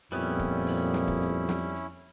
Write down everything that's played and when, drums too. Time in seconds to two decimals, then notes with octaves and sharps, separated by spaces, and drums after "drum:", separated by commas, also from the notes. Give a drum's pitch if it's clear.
0.12 F2 A#2 G3 B3 C#4 E4, drum: hi-hat
0.39 drum: kick, hi-hat
0.67 drum: open hi-hat
0.94 drum: snare
1.08 drum: kick
1.21 drum: hi-hat
1.49 drum: snare
1.76 drum: hi-hat